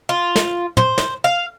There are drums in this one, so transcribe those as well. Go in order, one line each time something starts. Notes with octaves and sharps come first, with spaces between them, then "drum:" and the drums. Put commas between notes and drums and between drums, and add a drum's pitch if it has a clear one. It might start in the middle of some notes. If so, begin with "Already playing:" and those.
F4
drum: snare
C5, drum: tom
drum: snare
F5